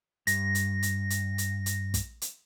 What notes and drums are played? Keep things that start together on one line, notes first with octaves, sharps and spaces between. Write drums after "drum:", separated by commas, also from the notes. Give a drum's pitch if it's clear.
G2 A#6, drum: hi-hat
drum: hi-hat
drum: hi-hat
drum: hi-hat
drum: hi-hat
drum: hi-hat
drum: kick, hi-hat
drum: hi-hat